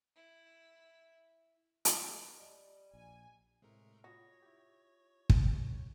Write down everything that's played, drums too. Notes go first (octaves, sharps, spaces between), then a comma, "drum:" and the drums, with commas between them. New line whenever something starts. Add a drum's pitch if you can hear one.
E4
drum: hi-hat
G3 D#5
A#1 G#5
A2 C3 G#3 A3 A#4
F4 F#4 C#5 D#6 A#6
E4 G4
D#3, drum: kick